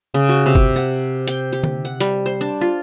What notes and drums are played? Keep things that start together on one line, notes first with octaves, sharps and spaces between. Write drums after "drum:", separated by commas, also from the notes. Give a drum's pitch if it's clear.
C#3
F#4
C3
drum: kick F#1
F#5
G5, drum: hi-hat
G4
drum: tom D3
F#5
G3, drum: hi-hat
C5
D4
F4